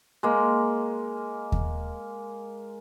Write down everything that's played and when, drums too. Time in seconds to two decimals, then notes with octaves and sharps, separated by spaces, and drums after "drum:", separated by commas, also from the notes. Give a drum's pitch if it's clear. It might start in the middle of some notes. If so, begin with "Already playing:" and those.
0.23 G#3 A#3
1.52 drum: kick D#2